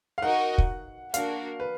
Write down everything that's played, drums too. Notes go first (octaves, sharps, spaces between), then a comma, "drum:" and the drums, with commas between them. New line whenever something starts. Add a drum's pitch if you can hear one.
F5
D#4 F#4 A#4 D#5 F#5
drum: kick
A#3 D4 F#4 A#4 F5, drum: hi-hat
B4